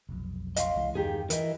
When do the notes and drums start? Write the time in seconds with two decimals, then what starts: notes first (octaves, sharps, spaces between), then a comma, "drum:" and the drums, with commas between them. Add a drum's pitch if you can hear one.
0.09 F1 B1
0.56 D#5 F5 C6, drum: hi-hat
0.76 C2 E3 G#3
0.95 E2 G2 D#3 G4 G#4
1.30 E3 A#4 D#5, drum: hi-hat